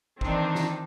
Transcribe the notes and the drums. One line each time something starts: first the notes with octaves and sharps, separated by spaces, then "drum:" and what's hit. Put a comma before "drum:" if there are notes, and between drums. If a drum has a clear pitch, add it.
D#3 E3 C4 D4 D#4, drum: kick
drum: snare